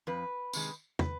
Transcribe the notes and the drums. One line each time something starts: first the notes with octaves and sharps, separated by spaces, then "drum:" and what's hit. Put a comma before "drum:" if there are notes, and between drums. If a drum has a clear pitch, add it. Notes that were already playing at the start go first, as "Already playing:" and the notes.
F2 B4
C3 D#3 G#3, drum: tambourine
B4, drum: tom